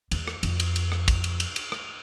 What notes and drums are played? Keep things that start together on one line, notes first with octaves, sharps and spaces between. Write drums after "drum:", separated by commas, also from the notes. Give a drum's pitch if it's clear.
E2, drum: cymbal
drum: rim click
F2, drum: cymbal
drum: cymbal
drum: cymbal
drum: rim click
drum: kick, cymbal
drum: cymbal
drum: cymbal
drum: cymbal
drum: rim click